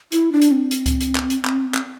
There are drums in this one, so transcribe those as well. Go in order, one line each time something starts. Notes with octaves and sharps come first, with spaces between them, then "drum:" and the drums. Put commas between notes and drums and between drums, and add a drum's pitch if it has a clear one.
E4, drum: hi-hat
D4
drum: hi-hat
C4
drum: hi-hat
drum: kick C#2, hi-hat
drum: hi-hat
drum: clap
drum: hi-hat
drum: clap
drum: clap